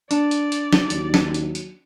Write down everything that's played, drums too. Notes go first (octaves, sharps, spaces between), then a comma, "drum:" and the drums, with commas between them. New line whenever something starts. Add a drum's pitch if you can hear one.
D4 D5, drum: hi-hat
drum: hi-hat
drum: hi-hat
drum: snare
D#2 F#3, drum: hi-hat
drum: snare
drum: hi-hat
drum: hi-hat